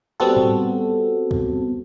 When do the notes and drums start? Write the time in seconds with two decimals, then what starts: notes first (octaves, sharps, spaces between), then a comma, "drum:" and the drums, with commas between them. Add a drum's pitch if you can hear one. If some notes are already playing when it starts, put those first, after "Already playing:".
0.20 G3 B3 C4 F#4 A4
0.36 drum: tom G#2
1.31 drum: kick